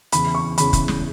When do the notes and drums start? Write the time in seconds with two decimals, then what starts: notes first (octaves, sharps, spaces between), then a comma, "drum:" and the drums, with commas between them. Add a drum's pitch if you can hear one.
0.12 E2 C#3 E3 B5, drum: hi-hat
0.35 C#6
0.58 E2 C#3 E3 B5, drum: hi-hat
0.73 drum: kick F1, hi-hat
0.88 drum: snare